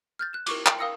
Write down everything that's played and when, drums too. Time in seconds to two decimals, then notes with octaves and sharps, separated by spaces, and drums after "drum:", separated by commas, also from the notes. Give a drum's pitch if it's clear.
0.19 F6 G6 A6
0.33 F#6 E7
0.46 A#4 C#6 D6, drum: cymbal
0.66 G5, drum: clap
0.79 A#4 F5 D#6 E6 A#6 C#7